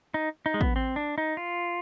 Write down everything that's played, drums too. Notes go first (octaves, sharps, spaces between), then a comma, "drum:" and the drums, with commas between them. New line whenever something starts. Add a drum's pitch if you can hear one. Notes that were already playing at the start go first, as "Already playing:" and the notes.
D#4
D#4
G#3
B3, drum: kick
C4
D4
D#4
F4